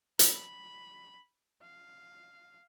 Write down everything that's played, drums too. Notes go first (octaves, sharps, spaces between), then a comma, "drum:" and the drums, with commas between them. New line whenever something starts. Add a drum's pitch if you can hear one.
B5, drum: hi-hat
F5